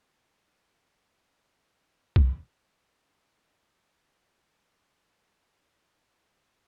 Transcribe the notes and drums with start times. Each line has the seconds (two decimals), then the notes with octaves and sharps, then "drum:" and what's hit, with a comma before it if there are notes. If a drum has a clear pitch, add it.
0.24 D4
0.57 F#4
0.72 A#4
0.97 B2
1.70 D3 F3 A3 C4 E4
2.16 drum: kick
4.04 D#4
4.33 G#3
4.48 A3
4.61 G5
4.77 C#3
5.03 D#3
5.43 C5
5.75 D5
6.10 A#3